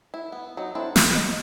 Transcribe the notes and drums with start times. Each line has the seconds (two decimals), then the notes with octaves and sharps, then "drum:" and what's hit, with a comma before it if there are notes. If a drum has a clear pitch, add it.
0.14 E4
0.32 B3
0.57 F#3 D#4
0.75 C4 D4 E4 A4
0.96 F5, drum: snare
1.15 D#5